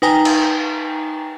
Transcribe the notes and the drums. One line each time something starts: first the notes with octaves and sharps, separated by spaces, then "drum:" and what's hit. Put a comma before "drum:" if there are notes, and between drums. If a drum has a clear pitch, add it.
D#4 B4 G5 G#5 A#5
drum: cymbal